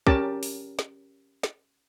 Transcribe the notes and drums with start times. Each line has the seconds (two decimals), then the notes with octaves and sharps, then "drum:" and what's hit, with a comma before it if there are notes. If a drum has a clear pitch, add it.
0.07 C#4 G4 A#4 A5 D6, drum: kick
0.43 drum: open hi-hat
0.79 drum: snare
1.43 drum: snare